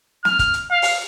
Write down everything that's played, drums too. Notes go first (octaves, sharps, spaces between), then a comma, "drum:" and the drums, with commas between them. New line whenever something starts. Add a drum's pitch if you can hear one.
F6, drum: snare
drum: kick G1, hi-hat
drum: hi-hat
F5
drum: open hi-hat